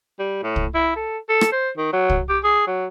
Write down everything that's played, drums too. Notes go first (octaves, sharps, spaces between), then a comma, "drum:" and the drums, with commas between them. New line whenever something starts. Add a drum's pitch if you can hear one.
G3
A2
drum: kick C2
E4
A4
A4
drum: rim click
C5
D#3
F#3
drum: kick C2
G4
G#4
F#3